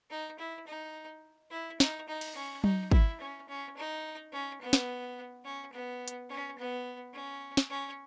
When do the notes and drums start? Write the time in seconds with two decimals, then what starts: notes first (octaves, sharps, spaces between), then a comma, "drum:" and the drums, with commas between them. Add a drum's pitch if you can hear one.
0.10 D#4
0.39 E4
0.67 D#4
1.51 E4
1.80 D#4, drum: snare
2.08 D#4
2.21 drum: cymbal
2.35 C#4
2.64 D#4, drum: tom F#3
2.91 E4, drum: kick
3.20 C#4
3.48 C#4
3.77 D#4
4.33 C#4
4.61 B3
4.73 drum: snare
5.45 C#4
5.73 B3
6.08 drum: hi-hat
6.30 C#4
6.58 B3
7.13 C#4
7.57 drum: snare
7.70 C#4